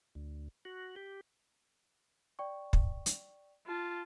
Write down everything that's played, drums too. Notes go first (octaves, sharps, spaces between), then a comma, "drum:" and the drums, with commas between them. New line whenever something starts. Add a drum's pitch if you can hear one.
D2
F#4
G4
D5 G5 C#6
drum: kick
drum: hi-hat
F4 A5